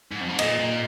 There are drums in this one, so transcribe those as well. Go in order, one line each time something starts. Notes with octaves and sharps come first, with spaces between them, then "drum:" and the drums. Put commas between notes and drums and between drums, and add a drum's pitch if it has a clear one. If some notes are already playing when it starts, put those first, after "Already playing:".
G#2
F2
G#2
A#2 D#5, drum: cymbal
A#2